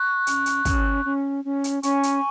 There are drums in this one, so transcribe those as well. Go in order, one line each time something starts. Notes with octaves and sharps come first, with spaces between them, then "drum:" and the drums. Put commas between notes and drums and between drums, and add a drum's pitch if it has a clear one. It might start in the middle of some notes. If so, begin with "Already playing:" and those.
Already playing: C#6 F#6
C#4, drum: hi-hat
drum: hi-hat
C#4, drum: kick, hi-hat
C#4
C#4
drum: hi-hat
C#4 G#5 C#6, drum: hi-hat
drum: hi-hat